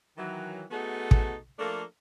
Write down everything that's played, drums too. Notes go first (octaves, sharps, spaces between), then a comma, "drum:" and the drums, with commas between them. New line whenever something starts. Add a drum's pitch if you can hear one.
D#3 E3 F#3
A3 B3 D#4 F#4 G#4 A4
drum: kick
F3 A3 A#3 D4 A4 A#4